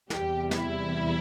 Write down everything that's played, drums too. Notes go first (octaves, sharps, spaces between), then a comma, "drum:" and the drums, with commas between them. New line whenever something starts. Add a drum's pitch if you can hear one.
E2 C3 E3 G3 G4, drum: snare
E4, drum: snare